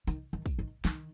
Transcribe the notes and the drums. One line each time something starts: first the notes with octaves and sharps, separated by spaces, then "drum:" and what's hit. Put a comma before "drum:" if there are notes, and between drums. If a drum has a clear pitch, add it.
D#3, drum: tambourine
D#3
drum: kick, tambourine
D#3
D#3, drum: snare